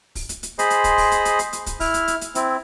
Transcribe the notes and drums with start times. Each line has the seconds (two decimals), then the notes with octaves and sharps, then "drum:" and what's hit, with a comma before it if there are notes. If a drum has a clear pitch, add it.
0.15 drum: kick, open hi-hat
0.29 drum: hi-hat
0.43 drum: hi-hat
0.59 G#4 C5 D#5 B5 C6, drum: hi-hat
0.70 drum: hi-hat
0.84 drum: kick, hi-hat
0.98 drum: kick, open hi-hat
1.12 drum: hi-hat
1.25 drum: hi-hat
1.39 drum: hi-hat
1.53 drum: hi-hat
1.66 drum: kick, hi-hat
1.80 E4 F6, drum: kick, open hi-hat
1.94 drum: hi-hat
2.08 drum: hi-hat
2.21 drum: hi-hat
2.35 C4 E4, drum: hi-hat